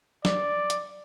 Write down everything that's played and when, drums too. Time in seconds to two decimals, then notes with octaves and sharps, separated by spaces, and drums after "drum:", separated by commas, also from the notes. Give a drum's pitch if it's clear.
0.25 D5, drum: snare
0.70 drum: hi-hat